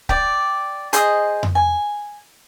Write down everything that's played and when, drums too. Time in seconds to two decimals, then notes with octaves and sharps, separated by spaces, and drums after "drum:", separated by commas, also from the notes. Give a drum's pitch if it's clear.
0.09 D5 G5, drum: kick C#1
0.93 G#4 C5 D#5 D#6, drum: hi-hat
1.43 drum: tom F2
1.55 G#5